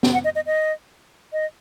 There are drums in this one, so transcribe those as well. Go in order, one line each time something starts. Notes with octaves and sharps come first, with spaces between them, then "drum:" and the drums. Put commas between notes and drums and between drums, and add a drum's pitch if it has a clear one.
drum: snare
F#5
D#5
D#5
D#5
D#5